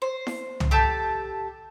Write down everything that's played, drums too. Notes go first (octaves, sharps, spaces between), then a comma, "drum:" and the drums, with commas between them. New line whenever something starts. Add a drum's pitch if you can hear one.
C5
drum: snare E4
drum: tom C2
G4 A4 A5 G6